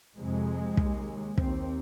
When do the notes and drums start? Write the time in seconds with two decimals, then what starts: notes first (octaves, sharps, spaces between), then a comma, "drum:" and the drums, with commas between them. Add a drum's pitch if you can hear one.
0.16 F2 C3 G#3
0.77 D#2, drum: kick
1.38 D#2 C4, drum: kick